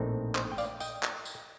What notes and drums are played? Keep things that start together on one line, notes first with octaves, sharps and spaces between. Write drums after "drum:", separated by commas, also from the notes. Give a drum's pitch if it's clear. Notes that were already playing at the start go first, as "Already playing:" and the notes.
Already playing: A#1 A2 A3 C4 D#4
C5 D#5, drum: clap
G5
D5 F5, drum: tambourine
D#5 G5, drum: tambourine
drum: clap
drum: tambourine